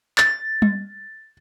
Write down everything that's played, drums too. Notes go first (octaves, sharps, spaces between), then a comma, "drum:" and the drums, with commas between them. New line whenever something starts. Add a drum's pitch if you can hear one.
A6, drum: clap
drum: tom G3